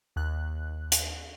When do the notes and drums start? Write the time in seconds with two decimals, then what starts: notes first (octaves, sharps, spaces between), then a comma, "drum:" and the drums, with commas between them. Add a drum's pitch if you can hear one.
0.16 D#2 F#6
0.92 drum: hi-hat